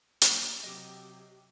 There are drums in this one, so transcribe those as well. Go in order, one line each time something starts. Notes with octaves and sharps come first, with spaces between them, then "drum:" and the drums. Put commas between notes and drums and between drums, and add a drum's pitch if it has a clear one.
A#3, drum: hi-hat
C3 F#3 G4 D#5 D6